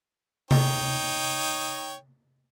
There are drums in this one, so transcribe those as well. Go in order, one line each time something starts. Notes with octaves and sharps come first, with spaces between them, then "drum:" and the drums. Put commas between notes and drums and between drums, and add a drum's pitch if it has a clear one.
D#4 C#5 G5, drum: tom C3